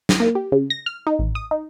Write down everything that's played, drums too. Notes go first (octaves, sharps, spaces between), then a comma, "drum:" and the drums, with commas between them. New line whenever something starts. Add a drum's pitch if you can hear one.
drum: snare
A#3
G4
C#3
A#6
F6
D#4
A1
D#6
D#4